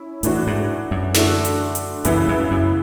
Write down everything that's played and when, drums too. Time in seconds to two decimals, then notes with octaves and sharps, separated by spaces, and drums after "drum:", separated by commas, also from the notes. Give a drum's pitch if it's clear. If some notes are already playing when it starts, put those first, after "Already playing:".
Already playing: C#4 E4
0.23 A2 E3 A3 D4 F#4, drum: hi-hat
0.47 G#2
0.91 F#2
1.14 D3 A3 D4 F#4 A4, drum: snare
1.45 drum: hi-hat
1.75 drum: hi-hat
2.05 F#2 C#3 E3 B3 E4, drum: hi-hat
2.28 F#2
2.51 F#2